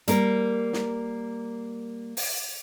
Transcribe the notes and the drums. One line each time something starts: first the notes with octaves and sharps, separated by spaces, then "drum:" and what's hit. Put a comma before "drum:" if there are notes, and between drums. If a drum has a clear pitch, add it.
G3 A#3 A#4, drum: hi-hat
drum: snare
drum: open hi-hat